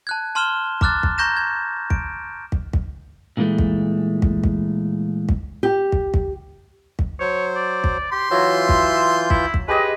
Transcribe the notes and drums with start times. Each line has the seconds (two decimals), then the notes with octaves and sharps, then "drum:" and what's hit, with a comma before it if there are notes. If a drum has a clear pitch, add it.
0.07 A5 F#6 G#6
0.35 A5 C6 F6 E7 G7
0.81 A#5 D6 F6 F#6 A6, drum: kick
1.03 drum: kick
1.18 A#5 C#6 G6 A#6 E7
1.37 G#6
1.90 D7, drum: kick
2.52 drum: kick
2.73 drum: kick
3.37 A#2 D3 E3 G#3 A3
3.58 drum: kick
4.22 drum: kick
4.44 drum: kick
5.29 drum: kick
5.63 G4
5.92 drum: kick
6.14 drum: kick
6.99 drum: kick
7.20 F#3 C5 C#5
7.55 D5
7.84 drum: kick
8.12 G4 C6
8.31 E3 F#3 F4 E5 G6
8.69 drum: kick
9.30 E4, drum: kick
9.54 drum: kick
9.68 G#3 G4 B4 D#5